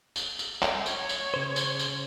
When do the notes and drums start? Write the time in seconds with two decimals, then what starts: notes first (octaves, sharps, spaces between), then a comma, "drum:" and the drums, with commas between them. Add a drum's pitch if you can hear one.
0.16 drum: tambourine
0.39 drum: tambourine
0.63 drum: clap
0.86 C#5, drum: tambourine
1.09 drum: tambourine
1.34 C#3 C5
1.56 drum: tambourine
1.79 drum: tambourine